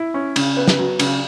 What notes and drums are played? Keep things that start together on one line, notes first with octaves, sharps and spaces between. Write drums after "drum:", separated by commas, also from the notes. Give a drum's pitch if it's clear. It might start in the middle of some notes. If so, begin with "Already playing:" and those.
Already playing: E4
C#4
C#3, drum: cymbal
B3
drum: snare
F#3
C#3, drum: cymbal